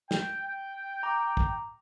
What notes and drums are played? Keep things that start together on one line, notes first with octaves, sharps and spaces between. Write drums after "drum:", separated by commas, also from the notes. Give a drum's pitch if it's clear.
G5, drum: snare
A#5 D6
drum: kick